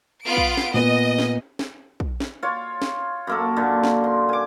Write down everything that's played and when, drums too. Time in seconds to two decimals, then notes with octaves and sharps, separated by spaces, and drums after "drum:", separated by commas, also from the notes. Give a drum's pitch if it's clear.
0.24 B3 F4 D7
0.37 drum: kick
0.57 drum: snare
0.74 A#2 B3 D#5
1.19 drum: snare
1.59 drum: snare
2.00 drum: kick
2.20 drum: snare
2.43 F4 C#5
2.82 drum: snare
3.27 F#2 A#3 A4
3.57 A#2 D3
3.83 drum: snare
4.04 C6
4.29 G#5 D6